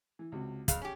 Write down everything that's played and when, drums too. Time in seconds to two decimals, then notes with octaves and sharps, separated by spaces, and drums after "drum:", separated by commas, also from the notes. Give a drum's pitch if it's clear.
0.19 E3
0.32 C#2 C3 F#4
0.68 F2 G#4 F5, drum: kick, hi-hat
0.82 C#4 G4